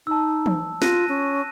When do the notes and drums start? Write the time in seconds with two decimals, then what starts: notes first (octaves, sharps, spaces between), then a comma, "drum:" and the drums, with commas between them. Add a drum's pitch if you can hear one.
0.07 D#4 A5 E6
0.46 drum: tom E3
0.82 F4 F#6 A#6 D#7, drum: snare
1.09 C#4